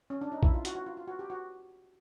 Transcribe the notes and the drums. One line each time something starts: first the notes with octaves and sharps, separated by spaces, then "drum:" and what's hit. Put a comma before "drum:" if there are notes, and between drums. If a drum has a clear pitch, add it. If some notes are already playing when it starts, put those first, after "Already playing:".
C#4
D4
D#4
E4, drum: kick A#1
F4
F#4, drum: hi-hat
F#4
F4
F4
F#4
G4
F#4